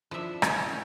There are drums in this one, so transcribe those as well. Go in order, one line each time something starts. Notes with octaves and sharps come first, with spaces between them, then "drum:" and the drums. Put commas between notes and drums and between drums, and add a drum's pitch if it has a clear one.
F3 D4 E4 E5
C#4, drum: rim click
E4 G4
B3 C#4